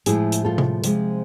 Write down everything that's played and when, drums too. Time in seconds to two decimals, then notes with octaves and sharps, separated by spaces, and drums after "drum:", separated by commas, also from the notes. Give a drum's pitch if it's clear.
0.06 A2 F3 G#3 E4 G#4, drum: hi-hat
0.32 drum: hi-hat
0.45 F4 A4
0.58 drum: tom C3
0.84 C3 F3 G#3, drum: hi-hat